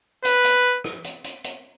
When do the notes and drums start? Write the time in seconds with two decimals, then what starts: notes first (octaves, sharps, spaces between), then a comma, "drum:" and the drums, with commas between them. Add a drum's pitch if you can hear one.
0.25 B4, drum: hi-hat
0.44 drum: hi-hat
0.84 drum: rim click
1.04 drum: hi-hat
1.24 drum: hi-hat
1.44 drum: hi-hat